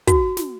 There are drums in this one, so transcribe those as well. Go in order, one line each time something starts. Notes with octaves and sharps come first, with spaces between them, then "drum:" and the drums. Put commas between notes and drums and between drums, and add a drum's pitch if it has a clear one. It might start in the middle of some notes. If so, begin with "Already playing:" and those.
F#4, drum: kick, hi-hat
drum: snare